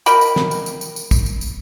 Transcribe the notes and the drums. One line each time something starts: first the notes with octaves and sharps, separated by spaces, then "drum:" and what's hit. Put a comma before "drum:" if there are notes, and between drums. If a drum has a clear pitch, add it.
A#4 D#5 G5 B5, drum: tambourine
drum: tambourine
drum: snare
drum: tambourine
drum: tambourine
drum: tambourine
drum: tambourine
drum: kick, tambourine
drum: tambourine
drum: tambourine